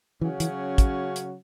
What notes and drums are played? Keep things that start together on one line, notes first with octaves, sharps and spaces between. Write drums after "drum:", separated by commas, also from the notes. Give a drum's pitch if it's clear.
C#3 E3 F#3 C#4 F#4
E3, drum: hi-hat
drum: kick, hi-hat
drum: hi-hat